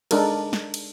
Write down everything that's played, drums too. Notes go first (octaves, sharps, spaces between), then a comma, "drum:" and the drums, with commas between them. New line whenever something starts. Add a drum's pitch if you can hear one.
G#3 D4 D#4 A4 A#4, drum: cymbal
drum: snare
drum: cymbal